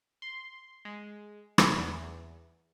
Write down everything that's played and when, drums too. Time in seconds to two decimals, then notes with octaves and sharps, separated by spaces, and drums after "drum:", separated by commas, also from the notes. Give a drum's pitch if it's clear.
0.22 C6
0.85 G#3
1.58 drum: rim click
1.70 E2